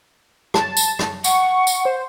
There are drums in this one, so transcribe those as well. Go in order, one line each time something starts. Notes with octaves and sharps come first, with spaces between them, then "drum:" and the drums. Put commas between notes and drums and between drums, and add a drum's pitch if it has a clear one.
A5, drum: rim click
drum: tambourine
drum: rim click
F#5 C#6, drum: tambourine
drum: tambourine
C5